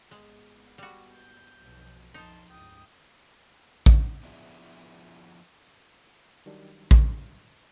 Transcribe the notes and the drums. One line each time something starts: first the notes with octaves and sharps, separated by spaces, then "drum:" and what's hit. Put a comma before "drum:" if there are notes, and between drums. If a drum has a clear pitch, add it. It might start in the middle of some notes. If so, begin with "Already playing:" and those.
G#1 G#3 B3
G3 F#4
G6
B1 F2 B2
B1 F2 D#4 A5 C6
C#2 G2 G5 D#6
drum: kick A1
F3 B3 D4 E4 F4 G#4
D#3 F#3 G3 D4
drum: kick A1